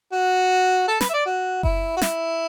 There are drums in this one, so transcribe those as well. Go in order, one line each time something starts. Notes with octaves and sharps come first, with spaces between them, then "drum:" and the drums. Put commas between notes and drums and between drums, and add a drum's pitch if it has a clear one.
F#4
A4
B4, drum: snare
E5
D5
F#4
E4, drum: kick F#1
F#4
E4, drum: snare